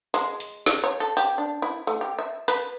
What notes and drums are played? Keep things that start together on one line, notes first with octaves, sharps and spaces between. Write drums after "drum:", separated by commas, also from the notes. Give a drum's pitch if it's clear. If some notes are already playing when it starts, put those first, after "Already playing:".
G#3, drum: hi-hat
drum: hi-hat
drum: snare
C#5
A4
G4, drum: hi-hat
D4
E4
A3
G4
E5
B4, drum: hi-hat